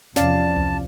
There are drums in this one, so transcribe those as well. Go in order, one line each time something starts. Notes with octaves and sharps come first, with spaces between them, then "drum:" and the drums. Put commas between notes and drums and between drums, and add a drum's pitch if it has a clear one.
E2 C3 F3 C#4 D5 F5 A5, drum: snare
drum: tom C2